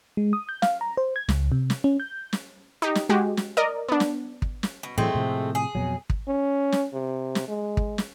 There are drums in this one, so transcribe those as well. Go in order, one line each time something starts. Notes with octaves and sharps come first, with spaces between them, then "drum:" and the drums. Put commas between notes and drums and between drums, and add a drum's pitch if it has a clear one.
G#3
D#6
G6
F5, drum: snare
A#5
C5
G#6
C#2, drum: snare
C3
drum: snare
C#4
G6
drum: snare
D#4 G4
drum: snare
G#3 F#4 G4
drum: snare
A#4 D5 D#5
B3 D4
drum: snare
drum: kick
drum: snare
B2
A2 E3 F#3 G#3 A3 C4
A2 C3 F3
G#4
F2 B2 F#3
drum: kick
C#4
drum: snare
C3
drum: snare
G#3
drum: kick
drum: snare